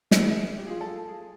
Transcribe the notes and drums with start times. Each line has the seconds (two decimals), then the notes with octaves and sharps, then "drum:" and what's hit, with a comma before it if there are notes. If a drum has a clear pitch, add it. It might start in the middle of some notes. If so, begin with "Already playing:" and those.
0.11 E4 G#4, drum: snare
0.58 G4
0.67 F4 G#4
0.81 A4
1.08 G#4